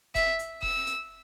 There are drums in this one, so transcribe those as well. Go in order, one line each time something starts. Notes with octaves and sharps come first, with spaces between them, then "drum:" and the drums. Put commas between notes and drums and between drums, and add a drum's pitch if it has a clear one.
E5, drum: kick F1, hi-hat
drum: hi-hat
E6, drum: kick F1
drum: hi-hat